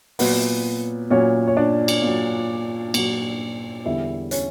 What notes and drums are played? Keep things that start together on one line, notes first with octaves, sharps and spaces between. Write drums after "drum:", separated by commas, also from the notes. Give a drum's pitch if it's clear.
A#2 F#3 B3 B4, drum: open hi-hat
A#2 F#3 C#4 C#5
C#5
D4 D5
drum: cymbal
A#2
F#3
A#2 F#3, drum: cymbal
E2 D3 G3 E4 E5
C#4 C#5, drum: hi-hat